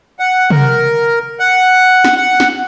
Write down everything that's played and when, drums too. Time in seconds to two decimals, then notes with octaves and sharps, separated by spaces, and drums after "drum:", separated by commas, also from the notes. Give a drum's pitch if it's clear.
0.19 F#5
0.50 A#4, drum: tom C3
1.40 F#5
2.04 drum: snare
2.17 F#5
2.40 drum: snare